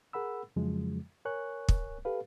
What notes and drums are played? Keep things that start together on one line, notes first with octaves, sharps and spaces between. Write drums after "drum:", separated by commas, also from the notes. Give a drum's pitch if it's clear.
G#4 A#4 F#5 B5 E6
F2 C#3 F3 F#3 G#3
A#4 C#5 G#5 C#6 F#6
drum: kick
G4 A4 B4 F5